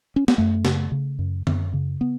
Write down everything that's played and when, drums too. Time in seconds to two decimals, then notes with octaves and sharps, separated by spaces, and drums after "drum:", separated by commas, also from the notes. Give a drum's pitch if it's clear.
0.16 C#4
0.28 B3, drum: snare
0.38 F#2 A3
0.65 C#3, drum: snare
0.92 C#3
1.19 F#2
1.47 F#2, drum: tom
1.73 C#3
2.01 B3